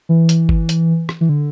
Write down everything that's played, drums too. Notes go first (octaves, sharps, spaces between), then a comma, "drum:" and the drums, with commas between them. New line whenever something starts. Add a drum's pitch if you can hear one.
E3
drum: hi-hat
drum: kick G1
drum: hi-hat
drum: rim click
E3
D3